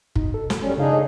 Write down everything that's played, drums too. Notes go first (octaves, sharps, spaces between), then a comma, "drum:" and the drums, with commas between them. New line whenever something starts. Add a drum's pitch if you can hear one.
B2 D#4, drum: kick
A4
drum: snare
F#2 G3 C#4
C#3 D4 D#4 G#4 F5
A4 C#5 D#5